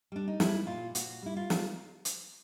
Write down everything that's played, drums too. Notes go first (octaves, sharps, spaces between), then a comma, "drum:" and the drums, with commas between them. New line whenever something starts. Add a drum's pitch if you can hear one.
G3 D4
D#4
G3 E4, drum: snare
A#2 F4
A#2 F#4, drum: hi-hat
G3 E4
F4
G3, drum: snare
drum: hi-hat